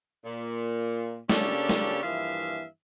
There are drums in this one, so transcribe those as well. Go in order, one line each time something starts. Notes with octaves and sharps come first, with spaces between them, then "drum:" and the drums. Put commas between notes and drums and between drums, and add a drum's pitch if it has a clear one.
A#2
C#3 A#3 C#4 D4 G4 A4, drum: snare
drum: snare
G2 E3 F3 A#3 E5 F5